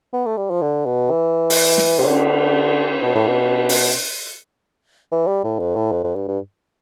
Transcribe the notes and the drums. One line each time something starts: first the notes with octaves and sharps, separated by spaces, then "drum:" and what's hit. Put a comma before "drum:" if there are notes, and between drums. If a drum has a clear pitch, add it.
B3
A3
G3
F3
D3
B2
E3
drum: open hi-hat
drum: snare
C3, drum: cymbal
D3
B2
A2
B2
drum: open hi-hat
E3
G3
A2
F2
A2
F2
F2
G2
G2